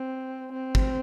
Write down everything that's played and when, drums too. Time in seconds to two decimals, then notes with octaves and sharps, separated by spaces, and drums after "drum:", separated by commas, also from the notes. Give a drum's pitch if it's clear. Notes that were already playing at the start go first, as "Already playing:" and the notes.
Already playing: C4
0.53 C4
0.75 drum: kick